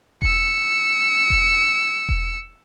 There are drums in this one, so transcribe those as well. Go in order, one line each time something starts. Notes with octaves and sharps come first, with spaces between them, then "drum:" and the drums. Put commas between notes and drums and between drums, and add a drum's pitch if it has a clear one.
E6 C#7, drum: kick E1
drum: kick E1
drum: kick E1